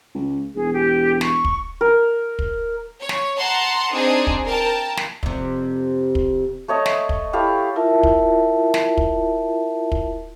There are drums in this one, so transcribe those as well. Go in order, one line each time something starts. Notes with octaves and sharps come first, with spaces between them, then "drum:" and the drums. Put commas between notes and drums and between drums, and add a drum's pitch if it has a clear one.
C#2
E1 G#4
G4
C#6, drum: snare
drum: kick
A#4
drum: kick
C#5
drum: snare
F#5 A5 A#5 C6
C4 D4 D#4 G#4
drum: kick
A#4 G5 A5
drum: snare
F2 C3, drum: kick
drum: kick
A3 C#5 D#5 A5
drum: snare
drum: kick
E4 G4 A4 F5
E4 F4 A#4 E5 A5
drum: kick
drum: snare
drum: kick
drum: kick